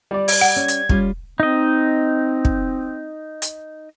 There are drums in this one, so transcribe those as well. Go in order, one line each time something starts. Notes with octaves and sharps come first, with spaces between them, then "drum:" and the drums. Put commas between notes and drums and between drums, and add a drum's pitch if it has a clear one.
G3 D5
G#6, drum: open hi-hat
F#5
C#4
drum: hi-hat
G3 C#4 F4, drum: kick
C4 D#4 D#5
drum: kick
drum: hi-hat